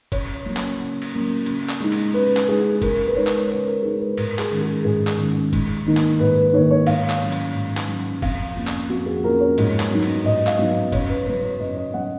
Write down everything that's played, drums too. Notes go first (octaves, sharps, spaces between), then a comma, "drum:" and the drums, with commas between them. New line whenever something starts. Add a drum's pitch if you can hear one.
C#3 C#5, drum: kick F1, cymbal
F#3 A#3 C#4
drum: clap
C#3
drum: cymbal
F#3 A#3 C#4
C#3, drum: cymbal
drum: clap
G#3 D#4
drum: cymbal
C#3 B4
drum: clap
G#3 D#4 G#4
C#3 A#4, drum: kick F1, cymbal
B4
G#3 D#4 C#5
drum: clap
C#3 B4
A#4
G#3 D#4 G#4
B4
G#2 A#4, drum: cymbal
G#4, drum: clap
D#3 G#3 C#4
G#4
G#2 G#4
drum: clap
D#3 G#3 C#4
G#2, drum: kick F1, cymbal
D#3 A#3 D#4
drum: clap
G#2 B4
B4
D#3 A#3 D#4 C#5
C#5
G#2 F5, drum: cymbal
drum: clap
F#3 C#4
drum: cymbal
G#2
drum: clap
F#3 C#4
F2 F5, drum: kick F1, cymbal
F3 A#3 C#4
drum: clap
F2 F#4
G#4
F3 A#3 C#4 A#4
C#5
G#2, drum: cymbal
drum: clap
F#3 B3 D#4
drum: cymbal
G#2 D#5
F5, drum: clap
F#3 B3 D#4
D#5
F#2 C#5, drum: kick F1, cymbal
B4
C#3 F#3 B4
C#5
F#2 D#5
D#5
C#3 F#3 F#5